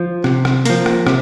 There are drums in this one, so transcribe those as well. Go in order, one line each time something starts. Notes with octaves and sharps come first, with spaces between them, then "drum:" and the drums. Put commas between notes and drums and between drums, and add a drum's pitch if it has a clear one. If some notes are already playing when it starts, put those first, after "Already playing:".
Already playing: F3
C3, drum: rim click
drum: rim click
F3 A#3, drum: hi-hat
drum: rim click
C3, drum: rim click